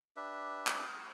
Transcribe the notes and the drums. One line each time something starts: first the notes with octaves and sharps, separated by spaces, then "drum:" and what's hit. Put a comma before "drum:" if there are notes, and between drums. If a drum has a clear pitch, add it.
D4 G4 B4 E5
drum: clap